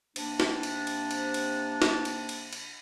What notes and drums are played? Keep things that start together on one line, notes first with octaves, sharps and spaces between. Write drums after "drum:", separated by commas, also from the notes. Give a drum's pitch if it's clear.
C3 A#3 D4, drum: cymbal
drum: snare
drum: cymbal
drum: cymbal
drum: cymbal
drum: cymbal
drum: snare
drum: cymbal
drum: cymbal
drum: cymbal